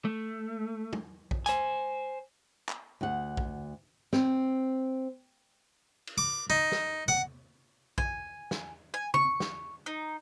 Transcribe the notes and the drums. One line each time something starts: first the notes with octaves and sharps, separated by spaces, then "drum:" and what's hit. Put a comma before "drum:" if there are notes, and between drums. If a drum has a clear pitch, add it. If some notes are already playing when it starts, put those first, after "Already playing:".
A3
drum: tom
drum: kick A#1
C5 G#5, drum: hi-hat
drum: clap
D2 F#5
drum: kick A#1
C4, drum: snare
drum: cymbal
D6
D#4
drum: snare
F#5, drum: tom
G#5, drum: kick A#1
drum: snare
G#5
C#6, drum: tom
drum: snare
D#4